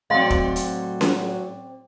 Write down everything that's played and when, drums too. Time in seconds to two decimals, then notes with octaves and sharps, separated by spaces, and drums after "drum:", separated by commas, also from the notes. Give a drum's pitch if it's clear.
0.10 A2 F#3 C4 D5 D#5 F5 C6
0.30 drum: kick
0.56 drum: hi-hat
1.01 drum: snare C#4